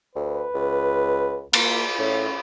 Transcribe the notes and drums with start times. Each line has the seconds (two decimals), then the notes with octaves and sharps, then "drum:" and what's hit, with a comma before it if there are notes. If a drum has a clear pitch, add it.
0.15 D2 B4
0.54 C#2
1.53 A#3, drum: cymbal
1.99 A2 C#4